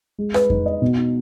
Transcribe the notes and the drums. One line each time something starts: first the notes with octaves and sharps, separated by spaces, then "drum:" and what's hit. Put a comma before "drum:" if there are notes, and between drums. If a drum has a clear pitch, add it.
G#3
B4, drum: rim click
D#4, drum: kick F2
D#5
B2
D#4